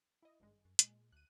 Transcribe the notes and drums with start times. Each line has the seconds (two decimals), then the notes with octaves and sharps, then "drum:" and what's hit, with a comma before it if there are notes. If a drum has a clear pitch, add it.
0.23 E4 D#5
0.40 G#1 G2 G#3
0.65 F#2
0.79 A#2 G#3, drum: hi-hat
1.12 D2 F#6 D#7